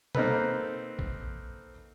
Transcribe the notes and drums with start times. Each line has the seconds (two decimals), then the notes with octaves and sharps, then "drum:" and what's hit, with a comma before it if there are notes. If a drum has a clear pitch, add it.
0.15 A#3 C4 D#4 A4 B4, drum: tom
0.99 drum: kick A#1